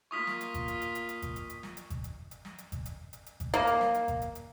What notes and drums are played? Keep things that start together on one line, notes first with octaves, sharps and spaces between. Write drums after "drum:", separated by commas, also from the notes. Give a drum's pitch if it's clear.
A#3 F4 C#6 D#6 B6
drum: snare
drum: hi-hat
drum: kick G#1, hi-hat
drum: hi-hat
drum: hi-hat
drum: hi-hat
drum: hi-hat
drum: kick G#1, hi-hat
drum: hi-hat
drum: hi-hat
drum: snare
drum: hi-hat
drum: kick G#1, hi-hat
drum: hi-hat
drum: hi-hat
drum: snare
drum: hi-hat
drum: kick G#1, hi-hat
drum: hi-hat
drum: hi-hat
drum: hi-hat
drum: kick G#1, hi-hat
A#3, drum: hi-hat
drum: hi-hat
drum: snare
drum: hi-hat
drum: kick G#1, hi-hat
drum: hi-hat
drum: hi-hat